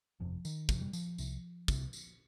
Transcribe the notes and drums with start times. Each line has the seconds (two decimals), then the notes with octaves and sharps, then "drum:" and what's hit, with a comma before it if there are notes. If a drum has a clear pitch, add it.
0.20 G1 F2 C3 F3
0.45 D#3, drum: tambourine
0.69 G1 F2 C3 F3, drum: kick, tambourine
0.81 G3
0.93 F3, drum: tambourine
1.18 C2 C3, drum: tambourine
1.68 C2 C3, drum: kick, tambourine
1.93 drum: tambourine